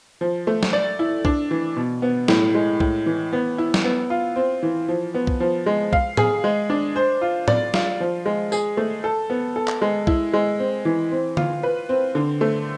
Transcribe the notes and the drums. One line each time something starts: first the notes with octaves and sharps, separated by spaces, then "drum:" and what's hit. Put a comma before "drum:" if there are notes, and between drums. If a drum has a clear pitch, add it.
F3
A3
drum: snare
D5
E4
D4, drum: kick B1
E3
B2
B3
A2, drum: snare
G#3
A2, drum: kick B1
E3
B3
E4
drum: snare
B3
F4
C4
E3
F3
B3
drum: kick B1
F3
G#3
F5, drum: kick B1
G#4, drum: tom A2
G#3
D4
C5
F4
D5, drum: tom A2
F4, drum: snare
F3
G#3
G#4, drum: tambourine
A3
A4
B3
A4
drum: clap
G#3
E4, drum: kick B1
G#3
C4
E3
C4
F4, drum: tom D3
B4
C4
D3
A3